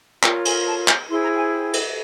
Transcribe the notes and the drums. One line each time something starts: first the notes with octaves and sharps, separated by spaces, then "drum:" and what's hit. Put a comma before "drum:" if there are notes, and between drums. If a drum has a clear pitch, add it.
F4 A#4 C#5 G5, drum: clap
G#5, drum: cymbal
A5
G#5, drum: clap
E4 G#4 C5 C6
A#5
G5
G#5
G5
drum: cymbal